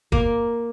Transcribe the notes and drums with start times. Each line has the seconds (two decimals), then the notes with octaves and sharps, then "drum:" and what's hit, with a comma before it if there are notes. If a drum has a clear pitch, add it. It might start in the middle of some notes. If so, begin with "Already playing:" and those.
0.12 A#3, drum: kick